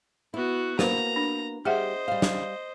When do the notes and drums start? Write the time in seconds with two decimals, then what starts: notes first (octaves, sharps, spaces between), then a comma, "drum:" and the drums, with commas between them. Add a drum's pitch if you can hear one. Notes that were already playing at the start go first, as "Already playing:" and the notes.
0.34 B3 E4 F#4
0.79 A#3 B3 F#4 B4 C5 A#5, drum: snare
1.16 D4
1.65 G3 G4 G#4 C5 D#5 E5 F#5
2.08 G3 F5
2.22 drum: snare